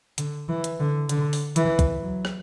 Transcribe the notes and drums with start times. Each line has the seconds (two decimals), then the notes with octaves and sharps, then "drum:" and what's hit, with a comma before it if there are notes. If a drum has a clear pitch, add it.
0.18 D3, drum: hi-hat
0.49 E3
0.64 drum: hi-hat
0.79 D3
1.09 D3, drum: hi-hat
1.33 drum: open hi-hat
1.56 E3, drum: hi-hat
1.79 drum: kick, hi-hat
2.02 F#3
2.25 drum: rim click